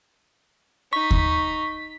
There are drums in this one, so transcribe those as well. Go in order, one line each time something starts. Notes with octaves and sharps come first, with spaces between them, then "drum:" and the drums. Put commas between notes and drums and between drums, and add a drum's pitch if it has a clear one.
D#4 C#6 B6
drum: kick D#2